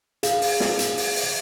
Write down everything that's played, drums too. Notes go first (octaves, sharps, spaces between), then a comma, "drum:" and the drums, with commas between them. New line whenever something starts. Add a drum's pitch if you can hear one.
G#4 F5, drum: hi-hat
drum: open hi-hat
drum: snare
drum: hi-hat
drum: open hi-hat
drum: open hi-hat